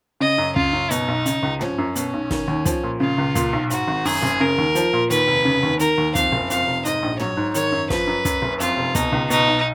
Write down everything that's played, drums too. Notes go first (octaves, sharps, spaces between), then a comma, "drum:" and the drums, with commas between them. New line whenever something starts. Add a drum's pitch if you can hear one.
C#3 D#5
F#2
C#3 F4, drum: kick
F#2
B2 D#4, drum: hi-hat
B1
C#3, drum: hi-hat
C#2
F3 C#4, drum: tom
F#2
B2 C#4, drum: hi-hat
B1
D#3, drum: snare
D#2
F3, drum: kick, hi-hat
A#2
C#3 F4
C#2
A#2, drum: kick, hi-hat
B1
G#2 F#4, drum: hi-hat
G#1
F#2 G#4, drum: open hi-hat
F#1
C#3 A#4
D#2
F3, drum: hi-hat
A#2
D#2 B4, drum: hi-hat
F1
C#3
D#2
D#3 A#4, drum: hi-hat
D#2
F2 F5, drum: kick, hi-hat
F#1
F2 F5, drum: hi-hat
F1
G#2 D#5, drum: hi-hat
A#1
F#3 C#5, drum: tom
G#2
D#3 C#5, drum: hi-hat
F#2
F3 B4, drum: snare
F#2
F#2, drum: kick, hi-hat
F#1
F2 F4, drum: hi-hat
F1
B2 D#4, drum: kick, hi-hat
C#2
B2 D#4, drum: hi-hat
B1